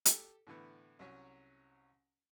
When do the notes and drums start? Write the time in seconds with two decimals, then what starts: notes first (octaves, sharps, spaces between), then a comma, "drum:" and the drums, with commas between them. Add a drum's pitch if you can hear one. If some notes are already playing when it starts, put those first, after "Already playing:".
0.05 G4 A4, drum: hi-hat
0.47 A2 D3 E3 B3
0.99 C2 F#3 C#4 C#5